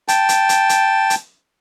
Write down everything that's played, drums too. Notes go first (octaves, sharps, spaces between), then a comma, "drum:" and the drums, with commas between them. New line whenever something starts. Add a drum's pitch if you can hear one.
G5 A5, drum: hi-hat
drum: hi-hat
drum: hi-hat
drum: hi-hat
drum: hi-hat